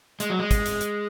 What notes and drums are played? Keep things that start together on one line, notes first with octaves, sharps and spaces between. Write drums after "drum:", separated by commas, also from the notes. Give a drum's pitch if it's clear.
G#3, drum: hi-hat
F#3
G#3
drum: kick, hi-hat
drum: hi-hat
drum: hi-hat